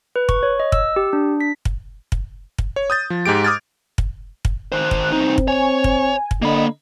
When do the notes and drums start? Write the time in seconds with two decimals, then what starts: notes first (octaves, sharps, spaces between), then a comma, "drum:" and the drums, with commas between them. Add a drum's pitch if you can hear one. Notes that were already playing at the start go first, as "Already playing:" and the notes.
0.16 B4
0.29 C#6, drum: kick
0.43 C#5
0.60 D#5
0.72 E6, drum: kick
0.96 G4
1.13 D4
1.41 B6
1.65 drum: kick
2.12 drum: kick
2.58 drum: kick
2.76 C#5
2.90 D#6 G6 A6
3.10 F3
3.26 G#2 G#3 G4 D7
3.44 D6 D#6 F6 G#6 A6
3.98 drum: kick
4.45 drum: kick
4.72 D#3 C5 F#6
4.91 drum: kick
5.12 C2 C4 D#4
5.38 drum: kick
5.48 C#5 G#5
5.84 drum: kick
6.31 drum: kick
6.42 D3 A#3 D#5 B5